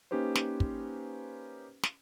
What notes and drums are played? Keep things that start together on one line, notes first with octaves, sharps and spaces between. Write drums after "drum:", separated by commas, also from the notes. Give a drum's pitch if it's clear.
A#3 C#4 D#4 G4 B4 C5
drum: snare
drum: kick
drum: snare